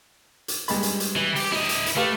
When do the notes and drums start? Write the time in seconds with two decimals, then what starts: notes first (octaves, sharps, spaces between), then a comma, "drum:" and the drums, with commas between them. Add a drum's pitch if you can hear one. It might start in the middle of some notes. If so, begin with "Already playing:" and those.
0.48 drum: hi-hat
0.68 G2 G#3 B5, drum: hi-hat
0.83 drum: hi-hat
1.00 drum: hi-hat
1.16 E3, drum: snare
1.36 G4, drum: open hi-hat
1.52 E4 D#5, drum: snare
1.69 drum: hi-hat
1.86 drum: hi-hat
1.96 A3 G4 B4 F5